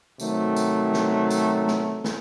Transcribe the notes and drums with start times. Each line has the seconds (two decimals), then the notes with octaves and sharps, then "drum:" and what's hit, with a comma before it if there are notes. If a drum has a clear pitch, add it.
0.20 C3 D#3 F#3 A3, drum: tambourine
0.57 drum: tambourine
0.93 drum: snare
1.30 drum: tambourine
1.67 drum: snare
2.04 drum: snare